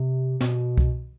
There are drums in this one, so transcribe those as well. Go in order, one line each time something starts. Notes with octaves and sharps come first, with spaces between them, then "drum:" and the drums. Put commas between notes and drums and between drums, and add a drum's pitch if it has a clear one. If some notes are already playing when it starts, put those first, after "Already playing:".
Already playing: C3
B2, drum: snare
drum: kick C2